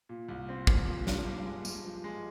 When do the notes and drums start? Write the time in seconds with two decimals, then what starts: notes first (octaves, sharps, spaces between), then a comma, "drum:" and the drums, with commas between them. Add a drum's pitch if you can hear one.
0.09 A#2
0.29 C2
0.49 C4
0.67 C2, drum: kick
0.87 A#2
1.07 A#2, drum: snare
1.26 G2
1.45 G#3
1.65 G2, drum: tambourine
1.85 F3
2.04 G#3